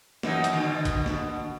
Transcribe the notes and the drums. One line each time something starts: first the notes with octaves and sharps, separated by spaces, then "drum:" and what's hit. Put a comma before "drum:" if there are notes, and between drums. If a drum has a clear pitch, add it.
F#2 E3 D#4, drum: snare A#3
drum: hi-hat
B2 D3
drum: kick, hi-hat
drum: snare A#3